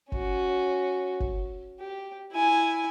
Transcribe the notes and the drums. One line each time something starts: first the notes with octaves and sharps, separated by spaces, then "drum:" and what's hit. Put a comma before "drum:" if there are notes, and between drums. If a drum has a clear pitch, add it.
C#4 F#4, drum: kick
drum: kick
G4
E4 G#5